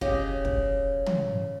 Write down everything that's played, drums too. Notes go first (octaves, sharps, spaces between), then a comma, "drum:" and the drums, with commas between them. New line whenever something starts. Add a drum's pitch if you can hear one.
C#3 G4 D#5, drum: kick
drum: kick
drum: tom